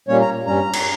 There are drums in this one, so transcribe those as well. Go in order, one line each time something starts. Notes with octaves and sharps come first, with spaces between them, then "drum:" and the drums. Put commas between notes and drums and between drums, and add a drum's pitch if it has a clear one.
A#2 G3 A#3 C#4 C#5
A#5
G2 G3 C#4 A#5
drum: cymbal